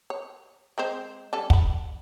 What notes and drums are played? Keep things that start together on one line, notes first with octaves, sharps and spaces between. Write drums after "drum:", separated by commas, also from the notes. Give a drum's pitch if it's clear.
C#5
G#3 C4 C5
G3 C#4 A4
F#5 B5, drum: kick